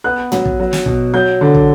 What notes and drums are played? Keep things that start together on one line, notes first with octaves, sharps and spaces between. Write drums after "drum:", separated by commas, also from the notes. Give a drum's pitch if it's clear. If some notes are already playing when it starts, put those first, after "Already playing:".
B3 F#6
F#3, drum: tom
drum: kick
F#3
drum: snare
B2, drum: kick
F#3 G6
D3
drum: kick